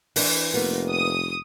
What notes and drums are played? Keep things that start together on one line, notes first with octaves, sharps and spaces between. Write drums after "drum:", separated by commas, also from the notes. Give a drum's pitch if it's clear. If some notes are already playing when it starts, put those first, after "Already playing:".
E3 D4, drum: open hi-hat
F1 A#3 B3
D#6